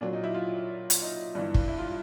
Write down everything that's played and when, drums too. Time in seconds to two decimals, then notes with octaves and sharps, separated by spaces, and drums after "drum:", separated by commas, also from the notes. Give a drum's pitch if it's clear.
0.01 A#2 F#3 D4
0.13 D#4
0.24 E4
0.34 F4
0.90 drum: hi-hat
1.02 D#4
1.35 G2 E3 D4
1.54 drum: kick
1.68 E4
1.78 F4